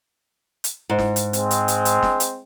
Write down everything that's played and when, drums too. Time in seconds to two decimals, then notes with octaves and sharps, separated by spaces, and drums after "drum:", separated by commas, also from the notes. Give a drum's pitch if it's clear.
0.64 drum: hi-hat
0.90 G#2
0.99 drum: snare
1.16 drum: hi-hat
1.33 G#3 C4, drum: hi-hat
1.51 drum: hi-hat
1.68 drum: hi-hat
1.85 drum: hi-hat
2.03 drum: snare
2.20 drum: hi-hat